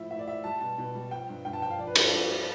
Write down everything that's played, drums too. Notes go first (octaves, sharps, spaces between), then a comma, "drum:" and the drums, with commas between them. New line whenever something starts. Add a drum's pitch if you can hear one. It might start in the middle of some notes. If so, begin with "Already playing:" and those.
Already playing: A2 F3 E5
A2 E5
D5
F3 E5
G3 A5
B2 A5
B2
G3
F3 G5
G2
G2 G5
A5
F3 G5
F5
F3 D5
B4
G2 A4, drum: cymbal
G4
G2 F4
F3